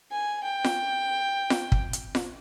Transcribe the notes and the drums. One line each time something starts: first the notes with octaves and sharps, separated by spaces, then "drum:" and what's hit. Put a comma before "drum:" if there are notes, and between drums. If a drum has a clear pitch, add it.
G#5
G5
drum: snare F4
drum: snare F4
drum: kick
drum: hi-hat
drum: snare F4